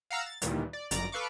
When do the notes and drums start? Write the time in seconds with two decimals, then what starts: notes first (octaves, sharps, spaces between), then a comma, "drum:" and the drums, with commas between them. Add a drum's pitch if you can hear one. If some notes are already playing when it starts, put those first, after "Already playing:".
0.11 F5 F#5 A#5 E6
0.26 A6
0.42 D2 A#2 D#3 E3 G3, drum: hi-hat
0.73 D5
0.91 G1 F#2 D5 A#5 D6 A#6, drum: hi-hat
1.12 A4 B4 F5 C#6 D6